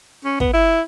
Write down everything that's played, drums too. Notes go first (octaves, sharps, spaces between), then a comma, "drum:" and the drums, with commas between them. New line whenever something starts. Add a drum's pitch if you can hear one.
C#4
B3, drum: kick
E4